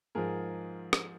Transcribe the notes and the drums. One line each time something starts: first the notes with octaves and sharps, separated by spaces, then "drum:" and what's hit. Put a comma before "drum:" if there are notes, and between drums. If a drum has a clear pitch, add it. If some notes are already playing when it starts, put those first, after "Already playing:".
G#2 F3 G#4 A#4
drum: rim click